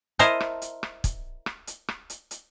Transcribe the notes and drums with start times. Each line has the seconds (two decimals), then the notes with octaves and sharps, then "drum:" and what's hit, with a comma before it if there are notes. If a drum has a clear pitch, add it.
0.19 E4 A#4 C5 D#5 A5, drum: hi-hat
0.40 drum: rim click
0.62 drum: hi-hat
0.83 drum: rim click
1.04 drum: kick, hi-hat
1.46 drum: rim click
1.67 drum: hi-hat
1.88 drum: rim click
2.10 drum: hi-hat
2.31 drum: hi-hat